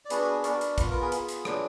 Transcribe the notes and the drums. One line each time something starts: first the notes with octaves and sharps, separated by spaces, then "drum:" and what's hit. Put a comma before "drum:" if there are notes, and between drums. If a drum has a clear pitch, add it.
D5
B3 D4 F#4 G#4 B4, drum: hi-hat
B4
B3 D4 F#4 A#4 D5, drum: hi-hat
drum: hi-hat
B3 F4 B4, drum: kick, hi-hat
A#4
G#4 B4
B3 F4, drum: hi-hat
drum: hi-hat
F#3 D4 F4, drum: rim click